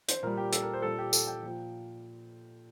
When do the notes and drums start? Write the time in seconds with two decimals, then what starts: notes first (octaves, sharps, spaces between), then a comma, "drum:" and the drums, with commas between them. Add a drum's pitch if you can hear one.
0.08 C5, drum: hi-hat
0.23 A#2 G3 A#4
0.37 G4
0.52 A4, drum: hi-hat
0.62 A#4
0.73 C5
0.82 A#2 G3 A4
0.99 G4
1.13 A4, drum: tambourine
1.27 G5
1.43 A#2 F3